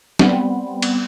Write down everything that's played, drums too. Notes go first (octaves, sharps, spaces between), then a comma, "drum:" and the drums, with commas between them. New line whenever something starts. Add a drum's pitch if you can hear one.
G3 B3 C4, drum: snare
drum: cymbal